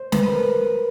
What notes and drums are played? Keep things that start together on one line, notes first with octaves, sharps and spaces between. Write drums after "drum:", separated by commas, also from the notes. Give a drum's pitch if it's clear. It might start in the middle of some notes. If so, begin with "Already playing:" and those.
Already playing: C5
B4, drum: snare
B4
A#4